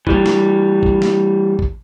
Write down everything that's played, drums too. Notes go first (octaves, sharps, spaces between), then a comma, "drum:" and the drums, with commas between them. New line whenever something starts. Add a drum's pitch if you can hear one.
E3 G3, drum: kick
drum: snare
drum: kick
drum: snare
drum: kick